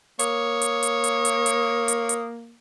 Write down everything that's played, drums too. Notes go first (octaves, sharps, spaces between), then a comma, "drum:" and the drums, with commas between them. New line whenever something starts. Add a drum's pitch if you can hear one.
A#3 C#5 D#6, drum: hi-hat
drum: hi-hat
drum: hi-hat
drum: hi-hat
drum: hi-hat
drum: hi-hat
drum: hi-hat
drum: hi-hat